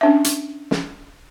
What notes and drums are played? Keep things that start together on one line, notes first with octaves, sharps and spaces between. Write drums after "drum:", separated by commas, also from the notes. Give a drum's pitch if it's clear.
C#4 D4 E5
drum: hi-hat
drum: snare